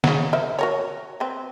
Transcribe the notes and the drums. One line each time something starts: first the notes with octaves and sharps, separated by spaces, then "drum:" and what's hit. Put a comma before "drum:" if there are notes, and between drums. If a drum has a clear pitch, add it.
C#3 F#3, drum: snare
A#4 C5 E5
F#4 A#4 C#5
C4 B4